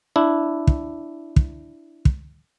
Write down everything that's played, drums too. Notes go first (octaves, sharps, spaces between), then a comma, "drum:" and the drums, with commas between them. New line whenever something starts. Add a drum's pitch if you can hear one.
D4 E4
drum: kick
drum: kick
drum: kick